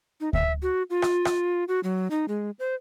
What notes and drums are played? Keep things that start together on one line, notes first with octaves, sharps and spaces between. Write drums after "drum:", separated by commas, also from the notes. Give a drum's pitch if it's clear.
D#4
E5, drum: kick D2
F#4
F4
drum: rim click
drum: rim click
F#4
F#3
D#4
G#3
C5